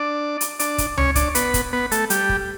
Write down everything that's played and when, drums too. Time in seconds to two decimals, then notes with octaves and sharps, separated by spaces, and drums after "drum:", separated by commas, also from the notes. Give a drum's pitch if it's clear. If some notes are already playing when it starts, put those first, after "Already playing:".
Already playing: D4 D5
0.41 drum: hi-hat
0.59 D4 D5, drum: hi-hat
0.78 drum: kick, hi-hat
0.98 C#4 C#5, drum: tom C#2
1.15 D4 D5, drum: kick, hi-hat
1.35 B3 B4, drum: hi-hat
1.54 drum: kick, hi-hat
1.73 B3 B4
1.92 A3 A4, drum: hi-hat
2.10 G3 G4, drum: hi-hat
2.29 drum: kick